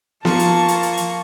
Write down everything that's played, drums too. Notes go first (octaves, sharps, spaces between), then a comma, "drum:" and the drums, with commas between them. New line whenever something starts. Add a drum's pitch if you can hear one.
F3 A#3 A5 C#6, drum: snare B3
drum: hi-hat
drum: hi-hat
drum: hi-hat
drum: hi-hat